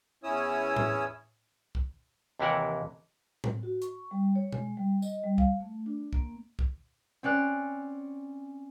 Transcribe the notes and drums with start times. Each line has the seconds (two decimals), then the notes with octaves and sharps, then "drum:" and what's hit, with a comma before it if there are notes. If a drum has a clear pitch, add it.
0.24 E2 C#4 E4 C#5 D#6 E6
0.76 drum: tom A2
1.75 drum: kick
2.40 D#2 C3 E3 E4 A#4 F#5
3.44 drum: tom A2
3.63 F#4
3.82 C#6, drum: hi-hat
4.11 G3
4.36 C#5
4.52 G#3, drum: tom B2
4.77 G3
5.02 D#5, drum: tambourine
5.24 G3
5.38 F5, drum: kick
5.60 A3
5.86 D4
6.13 A#3, drum: kick
6.59 drum: kick
7.23 C4 C#4 D5 F#6